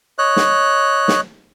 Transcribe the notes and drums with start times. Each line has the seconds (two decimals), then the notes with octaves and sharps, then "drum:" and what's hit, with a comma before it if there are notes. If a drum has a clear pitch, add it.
0.19 C#5 D#5 F#6
0.36 drum: snare
1.08 drum: snare